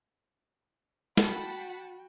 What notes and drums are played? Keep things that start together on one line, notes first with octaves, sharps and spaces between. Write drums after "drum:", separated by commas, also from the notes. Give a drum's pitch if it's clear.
F#4 F#5 G5 A5 B5, drum: snare